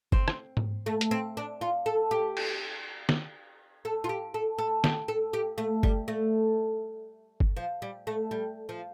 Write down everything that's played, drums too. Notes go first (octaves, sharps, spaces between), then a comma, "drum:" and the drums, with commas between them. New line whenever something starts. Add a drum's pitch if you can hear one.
C4, drum: kick G1
drum: rim click
drum: tom G#2
A3
drum: hi-hat
C4
D4
F4
A4
G4
drum: cymbal
drum: snare
A4
F4
G4
A4
A4
G4, drum: snare
A4
G4
A3
G3, drum: kick G1
A3
drum: kick G1
F3
G3
A3
G3
F3